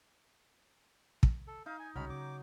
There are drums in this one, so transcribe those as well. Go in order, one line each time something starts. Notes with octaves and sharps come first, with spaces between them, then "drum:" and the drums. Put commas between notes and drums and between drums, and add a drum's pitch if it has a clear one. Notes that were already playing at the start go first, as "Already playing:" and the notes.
drum: kick
A4
D#4 F5
G#5
C2 C#3 F#3 G#3 B5 F6
C#3 D6